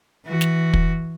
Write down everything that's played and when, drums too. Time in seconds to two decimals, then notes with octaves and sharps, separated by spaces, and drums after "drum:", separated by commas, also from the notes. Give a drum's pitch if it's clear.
0.25 E3 F#4
0.41 drum: snare
0.73 drum: kick